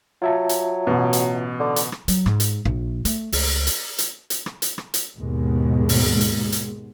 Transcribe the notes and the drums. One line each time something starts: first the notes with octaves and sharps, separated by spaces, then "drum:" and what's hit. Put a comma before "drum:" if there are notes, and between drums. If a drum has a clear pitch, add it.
F#3 F4 E5 A5
drum: hi-hat
A1 B2
drum: hi-hat
D3
drum: hi-hat
drum: rim click
F#3, drum: hi-hat
G#2, drum: rim click
drum: hi-hat
A#1
A3, drum: hi-hat
C#2, drum: open hi-hat
drum: hi-hat
drum: hi-hat
drum: hi-hat
drum: rim click
drum: hi-hat
drum: rim click
drum: hi-hat
D#2 G#2 B2 G#3
drum: open hi-hat
drum: hi-hat
drum: hi-hat